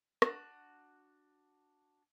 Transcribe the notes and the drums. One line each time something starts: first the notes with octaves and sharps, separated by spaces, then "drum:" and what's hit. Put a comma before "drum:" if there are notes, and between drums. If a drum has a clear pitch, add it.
D4 F#4, drum: rim click